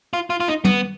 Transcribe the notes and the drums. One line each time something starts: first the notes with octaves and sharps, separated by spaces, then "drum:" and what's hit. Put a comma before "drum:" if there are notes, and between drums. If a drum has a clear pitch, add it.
F4
F4
F4
D#4
B3, drum: tom